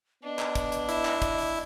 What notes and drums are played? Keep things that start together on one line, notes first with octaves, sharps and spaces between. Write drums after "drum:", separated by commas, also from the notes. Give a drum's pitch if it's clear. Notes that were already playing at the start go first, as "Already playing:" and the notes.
B3 D4 D#5
drum: clap
drum: kick, hi-hat
drum: hi-hat
E4 E5, drum: hi-hat
drum: clap
drum: kick, hi-hat
drum: open hi-hat